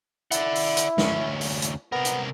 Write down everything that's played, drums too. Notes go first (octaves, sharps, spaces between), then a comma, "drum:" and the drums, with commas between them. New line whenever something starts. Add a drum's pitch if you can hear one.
E4 D5 F#5, drum: hi-hat
drum: open hi-hat
drum: hi-hat
D2 C#4, drum: snare
drum: open hi-hat
drum: hi-hat
C3 B3 A#4
drum: hi-hat